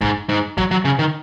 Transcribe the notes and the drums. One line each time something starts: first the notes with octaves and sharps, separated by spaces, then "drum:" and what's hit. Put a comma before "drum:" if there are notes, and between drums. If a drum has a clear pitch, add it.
G#2, drum: kick
G#2
F#3, drum: kick
F#3
C#3
D#3